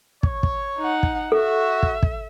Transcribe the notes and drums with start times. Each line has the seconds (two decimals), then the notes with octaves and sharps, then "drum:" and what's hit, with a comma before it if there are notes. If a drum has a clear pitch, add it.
0.23 C#5, drum: kick
0.43 drum: kick
0.78 D#4 F#5
1.03 drum: kick
1.32 F#4 A4 E5
1.83 drum: kick
2.03 drum: kick